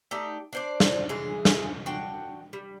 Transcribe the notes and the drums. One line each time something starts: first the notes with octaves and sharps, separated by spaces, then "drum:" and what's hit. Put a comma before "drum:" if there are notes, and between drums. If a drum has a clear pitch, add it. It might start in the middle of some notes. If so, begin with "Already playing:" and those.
A3 D#4 G4 D5
D4 C5 D5
drum: snare
E3 G#3 G#4
drum: snare
D4 F#4 G5
G3